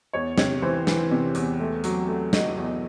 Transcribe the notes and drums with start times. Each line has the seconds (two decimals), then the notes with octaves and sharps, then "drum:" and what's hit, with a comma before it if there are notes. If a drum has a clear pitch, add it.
0.13 E2 C#5
0.38 C3 C#5, drum: snare
0.62 E3 C5
0.87 E3, drum: snare
1.11 C3
1.35 E2, drum: hi-hat
1.60 A3
1.84 F#3, drum: hi-hat
2.08 A3
2.33 F#3 D#5, drum: snare
2.57 E2